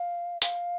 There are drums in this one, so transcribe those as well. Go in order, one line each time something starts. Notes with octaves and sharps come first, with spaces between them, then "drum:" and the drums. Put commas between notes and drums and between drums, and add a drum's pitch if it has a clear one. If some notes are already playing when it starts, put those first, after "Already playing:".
Already playing: F5
F5, drum: hi-hat